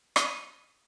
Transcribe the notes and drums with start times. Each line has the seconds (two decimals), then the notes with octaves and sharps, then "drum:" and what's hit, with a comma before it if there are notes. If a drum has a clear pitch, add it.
0.16 D#6, drum: rim click